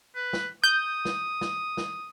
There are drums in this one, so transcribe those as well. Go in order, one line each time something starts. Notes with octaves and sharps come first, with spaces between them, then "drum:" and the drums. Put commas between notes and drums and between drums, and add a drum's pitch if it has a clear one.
B4
drum: snare
D#6 G6
drum: snare
drum: snare
drum: snare